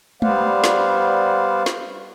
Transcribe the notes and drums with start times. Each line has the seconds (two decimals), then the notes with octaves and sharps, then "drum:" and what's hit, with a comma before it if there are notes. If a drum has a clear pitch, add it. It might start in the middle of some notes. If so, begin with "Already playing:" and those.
0.22 G3 B3 C5 D5 F5 F#5, drum: tom G#3
0.64 drum: snare
1.66 drum: snare